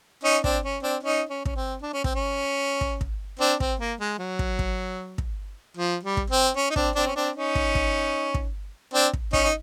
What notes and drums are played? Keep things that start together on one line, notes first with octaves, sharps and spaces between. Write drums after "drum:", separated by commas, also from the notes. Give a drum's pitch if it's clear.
C#4 D#4
C4 D4, drum: kick
C#4
C4 D4
C#4 D#4
C#4
C#4, drum: kick
C4
D4
C#4
C4, drum: kick
C#4
drum: kick
drum: kick
C4 D4
C4, drum: kick
A#3
G#3
F#3
drum: kick
drum: kick
drum: kick
F3
G3
drum: kick
C4
C#4
D#4
C4 D4, drum: kick
C4 D4
C#4
C4 D4
C#4 D#4
drum: kick
drum: kick
drum: kick
C4 D4
drum: kick
C#4 D#4, drum: kick
D#4